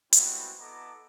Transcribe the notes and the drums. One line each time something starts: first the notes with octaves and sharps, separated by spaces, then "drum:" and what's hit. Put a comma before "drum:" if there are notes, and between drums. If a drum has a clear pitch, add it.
G3 G#3 B3 C4 E4 F#4, drum: hi-hat
B3 E4 A4 D#5 A#5 D6